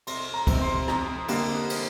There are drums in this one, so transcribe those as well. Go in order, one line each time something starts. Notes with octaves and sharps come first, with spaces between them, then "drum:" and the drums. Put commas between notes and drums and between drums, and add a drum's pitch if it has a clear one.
C2 C6, drum: cymbal
A#5
C3 G3 C4, drum: kick C#2, cymbal
C6
F2 A#5, drum: rim click
D3 G3 A#3, drum: cymbal
drum: cymbal